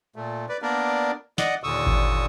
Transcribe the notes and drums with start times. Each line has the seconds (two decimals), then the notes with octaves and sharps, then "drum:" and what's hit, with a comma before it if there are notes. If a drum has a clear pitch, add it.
0.16 A#2 A3
0.49 B4 D5
0.62 A#3 B3 D4 A#4 D5
1.38 D5 D#5 F#5, drum: snare
1.64 D#2 A#2 D3 C#6 D#6 E6
1.86 drum: kick G#1